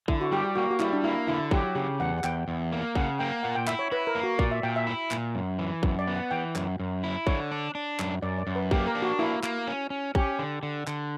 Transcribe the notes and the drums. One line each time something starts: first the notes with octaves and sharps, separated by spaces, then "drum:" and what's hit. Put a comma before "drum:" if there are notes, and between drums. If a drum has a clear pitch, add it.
D3 E4, drum: kick
F#4
G3 G4
G4
A#3 F#4
F#4
G3 E4, drum: clap
D4
A#3 E4
D3 E4
F#3 G4, drum: kick
C#3 G4
E2 F#5
F#5
E2 G5, drum: clap
E2
A#3
C#3 F#5, drum: kick
A#3 G5
A#2 F#5
G5
E4 E5, drum: clap
C#5
E4 B4
A#4
A#3
F#4
A#2 D5, drum: kick
E5
A#2 G5
E5
E4
A#2, drum: clap
F#2
E3
F#2, drum: kick
D5
B3
F#5
E3 G5
F#2, drum: clap
F#2
E4
D3 C#5, drum: kick
D4
D4
F#2, drum: clap
F#2 D5
D5
F#2
B4
A#3 G4, drum: kick
A#4
D4
F#4
A#3 E4
A#3, drum: clap
C#4
C#4
C#4 G4, drum: kick
D3
D3
D3, drum: clap